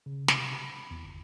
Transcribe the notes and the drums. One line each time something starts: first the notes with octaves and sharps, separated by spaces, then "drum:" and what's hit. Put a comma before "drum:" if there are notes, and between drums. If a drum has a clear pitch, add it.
C#3
C3, drum: snare
B5
E2
G1